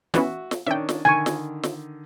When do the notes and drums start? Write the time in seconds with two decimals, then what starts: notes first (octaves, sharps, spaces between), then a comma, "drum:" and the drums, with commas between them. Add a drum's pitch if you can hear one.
0.14 E3 B3 C#4 F#4 E5, drum: snare
0.51 drum: snare
0.66 D#3 C#4 D4 E5 G5
0.89 drum: snare
1.05 D3 D#3 G#5 C#6
1.26 drum: snare
1.63 drum: snare